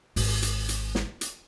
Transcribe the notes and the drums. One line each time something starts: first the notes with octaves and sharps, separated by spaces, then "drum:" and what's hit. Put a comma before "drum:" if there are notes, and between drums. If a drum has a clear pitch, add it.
G#1, drum: open hi-hat
drum: hi-hat
drum: hi-hat
drum: snare
drum: hi-hat